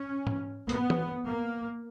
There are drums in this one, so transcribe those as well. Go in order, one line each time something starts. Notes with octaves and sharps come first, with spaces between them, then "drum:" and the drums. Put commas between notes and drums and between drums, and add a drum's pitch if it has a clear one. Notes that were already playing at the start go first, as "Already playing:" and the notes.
Already playing: C#4
drum: tom G#2
B3, drum: hi-hat
drum: tom E3
A#3